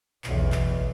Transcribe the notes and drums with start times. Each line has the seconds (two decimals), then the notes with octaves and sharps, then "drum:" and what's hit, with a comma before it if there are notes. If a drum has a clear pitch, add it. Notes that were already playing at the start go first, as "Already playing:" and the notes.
0.24 B1 E2, drum: clap
0.38 drum: kick A1
0.52 drum: clap